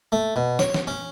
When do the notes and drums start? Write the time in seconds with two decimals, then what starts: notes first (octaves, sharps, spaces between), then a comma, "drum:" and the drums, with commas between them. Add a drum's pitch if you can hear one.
0.12 A3
0.36 B2
0.59 C#5, drum: snare
0.74 drum: snare
0.87 C#4